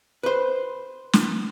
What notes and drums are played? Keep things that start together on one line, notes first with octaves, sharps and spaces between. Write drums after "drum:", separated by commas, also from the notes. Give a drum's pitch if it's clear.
B4 C5
drum: snare